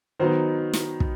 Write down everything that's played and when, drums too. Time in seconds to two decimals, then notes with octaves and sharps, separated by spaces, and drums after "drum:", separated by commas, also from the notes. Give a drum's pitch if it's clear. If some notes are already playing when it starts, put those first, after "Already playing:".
0.20 D#3 F#3 B3 D#4 C5
0.73 drum: snare
1.00 drum: kick